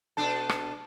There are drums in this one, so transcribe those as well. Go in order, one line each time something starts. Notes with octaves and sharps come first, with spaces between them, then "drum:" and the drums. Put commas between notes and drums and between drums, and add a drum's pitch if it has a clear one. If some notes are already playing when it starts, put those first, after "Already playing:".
B2 D4 A4 A5
drum: rim click